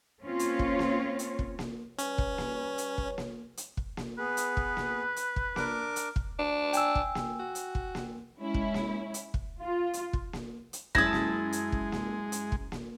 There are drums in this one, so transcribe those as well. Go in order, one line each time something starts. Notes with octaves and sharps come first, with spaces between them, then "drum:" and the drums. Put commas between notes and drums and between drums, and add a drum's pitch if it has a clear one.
A#3 C4 C#4 F4 C#5
drum: hi-hat
drum: kick
drum: snare A#3
drum: hi-hat
drum: kick
drum: snare A#3
G3 C#4 B4 C#5, drum: hi-hat
drum: kick
drum: snare A#3
drum: hi-hat
drum: kick
drum: snare A#3
drum: hi-hat
drum: kick
drum: snare A#3
B3 G#4 B4
drum: hi-hat
drum: kick
drum: snare A#3
drum: hi-hat
drum: kick
D4 A#4 D6, drum: snare A#3
drum: hi-hat
drum: kick
D4
G5 G#5 E6, drum: hi-hat
drum: kick
drum: snare A#3
F#4
drum: hi-hat
drum: kick
drum: snare A#3
G#3 C#4 E4
drum: kick
drum: snare A#3
drum: hi-hat
drum: kick
F4
drum: hi-hat
drum: kick
drum: snare A#3
drum: hi-hat
F#2 G#3 E4 A5 D#6 G#6 A#6, drum: kick
drum: snare A#3
drum: hi-hat
drum: kick
drum: snare A#3
drum: hi-hat
drum: kick
drum: snare A#3